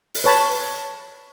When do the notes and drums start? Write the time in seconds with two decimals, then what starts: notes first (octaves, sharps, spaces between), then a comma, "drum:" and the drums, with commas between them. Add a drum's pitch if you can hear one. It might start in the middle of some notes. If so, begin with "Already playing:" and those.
0.14 drum: open hi-hat
0.24 B4 C#5 A5 B5